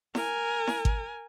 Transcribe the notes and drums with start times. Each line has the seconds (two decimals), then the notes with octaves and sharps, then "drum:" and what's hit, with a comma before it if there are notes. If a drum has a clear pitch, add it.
0.15 A#4 G#5, drum: snare E4
0.67 drum: snare E4
0.85 drum: kick G#1